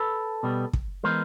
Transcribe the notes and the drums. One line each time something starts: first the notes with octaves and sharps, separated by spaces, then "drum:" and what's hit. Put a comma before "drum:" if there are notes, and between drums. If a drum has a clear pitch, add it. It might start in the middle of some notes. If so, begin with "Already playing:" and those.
Already playing: A4 B4
B2 G3 B3
drum: kick
E3 G#3 B3 A#4 C5